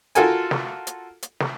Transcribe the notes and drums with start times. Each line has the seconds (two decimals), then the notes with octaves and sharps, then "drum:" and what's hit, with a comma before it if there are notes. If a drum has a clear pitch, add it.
0.15 F4 F#4 A4 A#4 G#5, drum: hi-hat
0.51 drum: snare
0.87 drum: hi-hat
1.22 drum: hi-hat
1.40 drum: snare